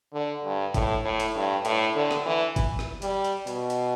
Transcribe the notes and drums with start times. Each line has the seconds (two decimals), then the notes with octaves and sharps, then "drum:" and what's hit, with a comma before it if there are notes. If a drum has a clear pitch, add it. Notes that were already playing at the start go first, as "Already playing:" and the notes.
0.13 D3
0.44 G2
0.74 A2, drum: kick G1, hi-hat
1.04 A2
1.20 drum: hi-hat
1.35 G2
1.65 A2, drum: hi-hat
1.95 D3
2.11 drum: rim click
2.26 E3
2.56 drum: kick G1, hi-hat
2.79 drum: rim click
3.02 G3, drum: hi-hat
3.24 drum: hi-hat
3.47 B2, drum: hi-hat
3.70 drum: hi-hat